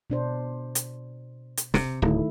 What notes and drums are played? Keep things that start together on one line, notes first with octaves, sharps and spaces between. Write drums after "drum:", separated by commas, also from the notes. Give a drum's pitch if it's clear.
B2 D4 C5
drum: hi-hat
drum: hi-hat
C3, drum: snare
D1 D#3 A3 E4